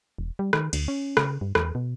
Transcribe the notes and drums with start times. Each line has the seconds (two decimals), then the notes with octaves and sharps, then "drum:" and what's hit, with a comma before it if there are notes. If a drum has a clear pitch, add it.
0.18 E1
0.39 G3
0.53 D#3, drum: rim click
0.73 D2, drum: cymbal
0.88 C#4
1.17 C#3, drum: rim click
1.41 G2
1.55 E2, drum: rim click
1.75 B2